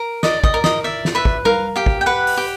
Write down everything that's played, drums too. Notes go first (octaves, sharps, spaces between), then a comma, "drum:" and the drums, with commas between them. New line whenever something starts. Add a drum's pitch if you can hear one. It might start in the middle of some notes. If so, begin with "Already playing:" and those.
Already playing: A#4
D5 D#5, drum: snare
D#5, drum: kick
A#4
D#5, drum: snare
D5 E5
drum: snare
B4 E5
drum: kick
A#4 F5, drum: tom G3
G4 F5
drum: kick
G5
B4 F#5
drum: open hi-hat
G4